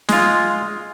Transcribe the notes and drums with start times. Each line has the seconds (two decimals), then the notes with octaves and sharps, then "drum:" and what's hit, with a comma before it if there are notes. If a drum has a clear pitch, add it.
0.09 G#3 F4, drum: snare